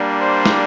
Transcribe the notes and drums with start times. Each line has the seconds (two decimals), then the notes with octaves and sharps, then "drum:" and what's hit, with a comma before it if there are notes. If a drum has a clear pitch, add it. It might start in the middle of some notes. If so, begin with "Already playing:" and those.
Already playing: G3 A#3 D4
0.21 C5
0.46 drum: snare